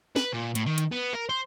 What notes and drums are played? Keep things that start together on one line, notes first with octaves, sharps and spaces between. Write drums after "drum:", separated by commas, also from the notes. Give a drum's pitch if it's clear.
B4, drum: snare
A#2
A2, drum: hi-hat
D#3
drum: hi-hat
B3
A#4
C5